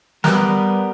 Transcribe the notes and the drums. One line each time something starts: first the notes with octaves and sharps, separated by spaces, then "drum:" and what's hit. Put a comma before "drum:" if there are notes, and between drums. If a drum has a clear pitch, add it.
G3 B3 G4 A#4 B4 D#6 F#6, drum: snare